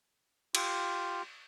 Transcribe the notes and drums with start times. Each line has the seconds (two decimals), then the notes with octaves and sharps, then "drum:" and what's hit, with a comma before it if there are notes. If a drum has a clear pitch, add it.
0.55 F4 G4, drum: cymbal